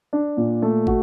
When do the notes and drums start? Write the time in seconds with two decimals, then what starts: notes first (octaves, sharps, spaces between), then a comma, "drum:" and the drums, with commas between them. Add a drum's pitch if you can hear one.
0.13 D4
0.37 A#2
0.62 A3
0.87 F#4, drum: kick